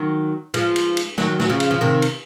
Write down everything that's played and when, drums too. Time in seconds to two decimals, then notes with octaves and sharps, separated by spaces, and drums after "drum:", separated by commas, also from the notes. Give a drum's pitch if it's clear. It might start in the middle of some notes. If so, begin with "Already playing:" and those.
Already playing: D#3 F#3
0.54 F3 G#3, drum: cymbal
0.76 drum: cymbal
0.97 drum: cymbal
1.18 D#3 F#3, drum: snare
1.40 F#3, drum: snare
1.49 C#3 F3
1.60 drum: cymbal
1.71 F3
1.81 C3 D#3
2.02 drum: cymbal